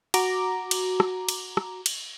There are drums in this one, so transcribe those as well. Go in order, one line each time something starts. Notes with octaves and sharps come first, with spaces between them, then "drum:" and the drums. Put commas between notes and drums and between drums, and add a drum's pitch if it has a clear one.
F#4 A#5 D6, drum: cymbal
drum: cymbal
drum: rim click
drum: cymbal
drum: rim click
drum: cymbal